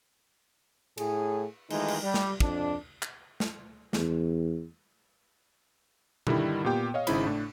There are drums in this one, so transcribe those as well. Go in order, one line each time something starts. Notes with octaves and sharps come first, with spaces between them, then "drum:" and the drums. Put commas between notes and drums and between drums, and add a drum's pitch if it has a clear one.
A2 G#4, drum: cymbal
D#3 E3 G#3 A3 D#4 F4, drum: cymbal
drum: cymbal
G3
drum: snare
F2 D4, drum: kick
drum: clap
drum: snare
E2, drum: snare
G2 D3 D#3 G3 D#4 E4, drum: tom B2
A#2 B3 G4 G5
C#5 D#5 F5
G#1 C#3 D#4 E4 C5 B5, drum: cymbal
A2 D4